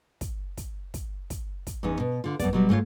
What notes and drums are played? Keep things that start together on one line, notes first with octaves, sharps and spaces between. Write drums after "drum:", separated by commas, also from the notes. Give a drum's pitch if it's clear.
drum: kick, hi-hat
drum: kick, hi-hat
drum: kick, hi-hat
drum: kick, hi-hat
drum: kick, hi-hat
E2 B3 C#4 D#4
B2
D3 F4
F#2 B3 D5, drum: kick, hi-hat
B2 F#3 G3
G#2 A3 B3 F4 C#5